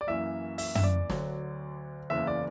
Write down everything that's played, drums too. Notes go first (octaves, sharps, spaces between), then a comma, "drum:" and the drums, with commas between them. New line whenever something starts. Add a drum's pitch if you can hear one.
D5
F#2 E3 A#3 E5
E5, drum: open hi-hat
E5, drum: tom
D5
D2 D3 F#3, drum: snare
F#1 E2 C#3 E3 A#3 E5
D5